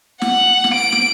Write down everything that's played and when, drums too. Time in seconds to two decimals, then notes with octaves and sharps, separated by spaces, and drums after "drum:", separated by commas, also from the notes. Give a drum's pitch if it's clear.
0.21 F#5, drum: snare
0.64 drum: snare
0.74 D7
0.92 drum: snare